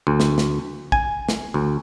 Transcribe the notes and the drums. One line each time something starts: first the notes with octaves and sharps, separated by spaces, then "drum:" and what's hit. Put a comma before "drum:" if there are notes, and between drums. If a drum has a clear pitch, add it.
D2
drum: snare
drum: snare
G#5, drum: kick A#1
drum: snare
D2